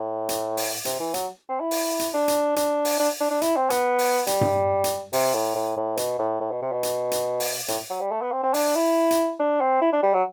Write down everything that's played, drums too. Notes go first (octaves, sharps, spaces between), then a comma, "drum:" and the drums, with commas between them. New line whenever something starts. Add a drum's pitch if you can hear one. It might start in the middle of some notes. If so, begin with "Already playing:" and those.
Already playing: A2
drum: hi-hat
drum: open hi-hat
C3, drum: hi-hat
E3
F#3, drum: hi-hat
C4
E4
drum: open hi-hat
drum: hi-hat
D4
drum: hi-hat
D4, drum: hi-hat
drum: open hi-hat
D4
D4
D4
E4, drum: hi-hat
C4
B3, drum: hi-hat
drum: open hi-hat
G3, drum: hi-hat
drum: tom G2
drum: hi-hat
C3, drum: open hi-hat
A2
A2
A2
B2, drum: hi-hat
A2
A2
B2
C3
B2
drum: hi-hat
drum: hi-hat
drum: open hi-hat
A2, drum: hi-hat
F#3
G3
A3
B3
C4
C4
D4, drum: open hi-hat
E4
drum: hi-hat
D4
C4
E4
D4
G3
F#3